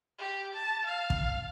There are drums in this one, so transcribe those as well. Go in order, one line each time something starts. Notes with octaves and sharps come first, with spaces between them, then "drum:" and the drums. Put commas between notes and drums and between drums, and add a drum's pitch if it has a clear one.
G4
A5
F5
drum: kick